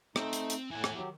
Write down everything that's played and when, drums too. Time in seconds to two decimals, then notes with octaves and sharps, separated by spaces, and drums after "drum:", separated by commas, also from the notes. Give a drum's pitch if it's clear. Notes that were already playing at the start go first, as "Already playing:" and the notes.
0.16 A3 C4 D#4, drum: rim click
0.33 drum: hi-hat
0.50 drum: hi-hat
0.71 A2 E3 F#5 G#5
0.84 drum: rim click
0.95 F#3 G4